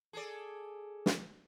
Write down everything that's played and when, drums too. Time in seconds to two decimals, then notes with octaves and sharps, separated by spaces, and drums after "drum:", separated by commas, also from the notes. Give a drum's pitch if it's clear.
0.13 G#4 A4 D5
1.06 drum: snare